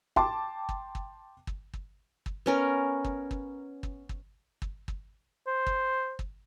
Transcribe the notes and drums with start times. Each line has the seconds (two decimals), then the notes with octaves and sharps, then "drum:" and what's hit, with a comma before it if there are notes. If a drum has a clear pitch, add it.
0.16 G5 A5 C6 D6, drum: kick
0.69 drum: kick
0.95 drum: kick
1.47 drum: kick
1.73 drum: kick
2.26 drum: kick
2.46 B3 C#4 A#4
3.04 drum: kick
3.31 drum: kick
3.83 drum: kick
4.09 drum: kick
4.62 drum: kick
4.88 drum: kick
5.47 C5
5.67 drum: kick
6.19 drum: kick